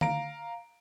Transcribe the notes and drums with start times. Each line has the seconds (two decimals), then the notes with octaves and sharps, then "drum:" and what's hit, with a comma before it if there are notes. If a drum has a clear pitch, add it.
0.01 F5 A#5 D7, drum: tom D3